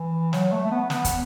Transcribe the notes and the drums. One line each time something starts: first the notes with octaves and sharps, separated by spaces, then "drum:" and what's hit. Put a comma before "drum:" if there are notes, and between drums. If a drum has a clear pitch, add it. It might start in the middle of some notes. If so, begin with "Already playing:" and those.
Already playing: E3
F#3, drum: snare
A3
A3
B3
B3, drum: snare
drum: kick, hi-hat